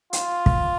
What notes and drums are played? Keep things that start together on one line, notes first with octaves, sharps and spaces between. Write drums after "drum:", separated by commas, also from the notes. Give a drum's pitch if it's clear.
F4, drum: hi-hat
drum: kick